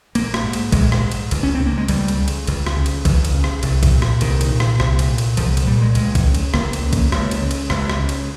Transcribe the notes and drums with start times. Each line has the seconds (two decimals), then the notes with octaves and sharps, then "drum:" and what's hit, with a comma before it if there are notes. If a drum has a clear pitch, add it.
0.15 A#1 A#3, drum: cymbal
0.34 drum: rim click
0.44 G#2
0.53 drum: cymbal
0.72 A#1 G#3, drum: kick, cymbal
0.92 drum: rim click
1.01 G#2
1.12 drum: cymbal
1.31 C#2, drum: cymbal
1.43 C#4
1.55 C4
1.60 C#3
1.66 A#3
1.77 G#3
1.88 C#2 G3, drum: cymbal
2.08 drum: cymbal
2.19 C#3
2.28 drum: cymbal
2.47 C#2, drum: cymbal
2.66 drum: rim click
2.76 C#3
2.86 drum: cymbal
3.05 C#2, drum: kick, cymbal
3.25 drum: cymbal
3.34 C#3
3.44 drum: rim click
3.63 C2, drum: cymbal
3.83 drum: kick, cymbal
3.93 A#2
4.02 drum: rim click
4.21 C2 D#3, drum: cymbal
4.41 drum: cymbal
4.50 A#2
4.60 drum: rim click
4.80 C2, drum: rim click
4.99 drum: cymbal
5.09 A#2
5.18 drum: cymbal
5.37 C2 F3, drum: cymbal
5.57 drum: cymbal
5.67 A#2 G3
5.81 G#3
5.95 C#2 G#3, drum: cymbal
6.15 drum: kick, cymbal
6.25 C#3
6.35 drum: cymbal
6.54 C#2 A#3, drum: rim click
6.73 drum: cymbal
6.83 C#3
6.93 drum: kick, cymbal
7.12 C#2, drum: rim click
7.31 drum: cymbal
7.41 C#3
7.51 drum: cymbal
7.70 C#2, drum: rim click
7.90 drum: rim click
8.00 C#3
8.09 drum: cymbal